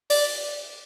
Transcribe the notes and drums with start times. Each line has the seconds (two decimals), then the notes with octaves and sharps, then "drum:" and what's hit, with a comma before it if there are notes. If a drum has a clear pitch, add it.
0.10 D5, drum: open hi-hat